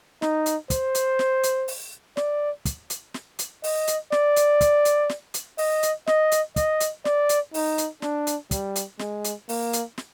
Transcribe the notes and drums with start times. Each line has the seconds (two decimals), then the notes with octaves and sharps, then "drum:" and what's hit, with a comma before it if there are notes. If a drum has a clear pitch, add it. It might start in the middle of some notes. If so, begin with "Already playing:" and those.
0.22 D#4, drum: snare
0.46 drum: hi-hat
0.70 C5, drum: kick, hi-hat
0.95 drum: hi-hat
1.19 drum: snare
1.43 drum: hi-hat
1.68 drum: open hi-hat
2.17 D5, drum: snare
2.65 drum: kick, hi-hat
2.90 drum: hi-hat
3.14 drum: snare
3.39 drum: hi-hat
3.64 D#5, drum: open hi-hat
3.87 drum: hi-hat
4.12 D5, drum: snare
4.36 drum: hi-hat
4.61 drum: kick, hi-hat
4.85 drum: hi-hat
5.09 drum: snare
5.34 drum: hi-hat
5.58 D#5, drum: open hi-hat
5.83 drum: hi-hat
6.07 D#5, drum: snare
6.31 drum: hi-hat
6.56 D#5, drum: kick, hi-hat
6.80 drum: hi-hat
7.05 D5, drum: snare
7.29 drum: hi-hat
7.54 D#4, drum: open hi-hat
7.78 drum: hi-hat
8.02 D4, drum: snare
8.27 drum: hi-hat
8.51 G3, drum: kick, hi-hat
8.76 drum: hi-hat
8.99 G#3, drum: snare
9.24 drum: hi-hat
9.49 A#3, drum: open hi-hat
9.73 drum: hi-hat
9.98 drum: snare